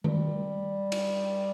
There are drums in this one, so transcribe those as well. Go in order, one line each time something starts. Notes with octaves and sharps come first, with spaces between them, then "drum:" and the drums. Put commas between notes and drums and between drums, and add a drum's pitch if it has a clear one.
G3, drum: tom D#3
drum: cymbal